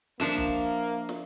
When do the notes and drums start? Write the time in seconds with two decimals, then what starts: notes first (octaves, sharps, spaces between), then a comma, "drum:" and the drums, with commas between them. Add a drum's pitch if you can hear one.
0.20 F3 A#3 D4 E5, drum: snare
0.37 drum: kick
1.09 drum: snare